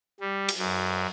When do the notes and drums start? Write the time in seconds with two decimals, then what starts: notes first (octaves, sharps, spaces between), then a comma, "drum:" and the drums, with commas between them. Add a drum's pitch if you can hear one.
0.20 G3
0.49 drum: cymbal
0.58 F#2